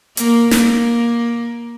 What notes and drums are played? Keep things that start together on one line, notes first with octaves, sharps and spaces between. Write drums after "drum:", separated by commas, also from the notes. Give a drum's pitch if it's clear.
A#3, drum: hi-hat
A#3, drum: snare